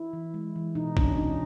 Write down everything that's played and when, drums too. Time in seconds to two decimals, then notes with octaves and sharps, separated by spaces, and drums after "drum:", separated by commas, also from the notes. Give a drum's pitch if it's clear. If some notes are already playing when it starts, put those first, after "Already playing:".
Already playing: E4
0.13 E3
0.34 G#3
0.56 E3
0.75 B2 D#4
0.97 C#4 D4, drum: kick A1
1.17 C#4 D#4